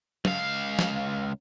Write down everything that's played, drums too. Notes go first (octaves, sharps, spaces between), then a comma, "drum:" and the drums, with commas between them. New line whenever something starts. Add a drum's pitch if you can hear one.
C#2 F5, drum: tom
drum: snare